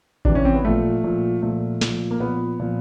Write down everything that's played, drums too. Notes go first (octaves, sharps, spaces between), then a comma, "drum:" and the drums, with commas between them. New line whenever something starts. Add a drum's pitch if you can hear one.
C3 E3 D4, drum: kick A1
C#4
C4
B3
A#2 F3 A3
A#2 F3
A#2 F3 A3
A#2 F3, drum: snare
A#3
A#2 F3 B3
A#2 F3